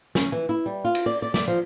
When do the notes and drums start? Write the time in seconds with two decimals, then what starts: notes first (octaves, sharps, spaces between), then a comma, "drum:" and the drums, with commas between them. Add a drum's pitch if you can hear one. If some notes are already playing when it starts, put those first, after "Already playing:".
0.15 C#4, drum: snare
0.32 E3
0.49 E4
0.66 G3
0.84 F4
0.95 drum: cymbal
1.06 D5
1.22 D5
1.34 D5, drum: snare
1.48 F3